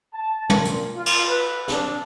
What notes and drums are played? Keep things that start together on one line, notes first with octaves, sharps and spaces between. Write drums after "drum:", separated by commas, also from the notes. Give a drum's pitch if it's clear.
A5
A#2, drum: tom
drum: hi-hat
F4
drum: cymbal
B4
D4, drum: snare